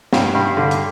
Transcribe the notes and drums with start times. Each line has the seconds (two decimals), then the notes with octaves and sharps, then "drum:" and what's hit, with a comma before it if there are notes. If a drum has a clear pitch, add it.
0.13 G2, drum: snare
0.35 G2
0.57 D3
0.71 drum: hi-hat